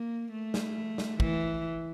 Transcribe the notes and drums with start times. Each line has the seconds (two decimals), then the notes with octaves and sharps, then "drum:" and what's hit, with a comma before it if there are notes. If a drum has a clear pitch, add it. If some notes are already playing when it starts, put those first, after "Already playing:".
Already playing: A#3
0.32 A3
0.54 drum: snare
0.98 drum: snare
1.20 E3, drum: kick